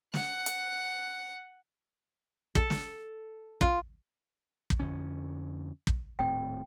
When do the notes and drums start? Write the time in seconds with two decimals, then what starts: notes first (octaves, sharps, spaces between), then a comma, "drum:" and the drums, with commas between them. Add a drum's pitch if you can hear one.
0.14 F#5 F#6, drum: snare
0.46 drum: hi-hat
2.55 A4, drum: kick
2.70 drum: snare
3.61 F4, drum: kick
4.70 drum: kick
4.80 F2 D3 C#4
5.87 drum: kick
6.19 D#1 A2 C4 G5